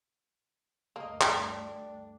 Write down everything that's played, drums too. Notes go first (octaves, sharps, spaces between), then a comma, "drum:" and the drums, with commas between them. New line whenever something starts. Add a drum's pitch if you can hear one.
D2 G2 A#3 D#5 F5
drum: clap
D4 A4 D5 G5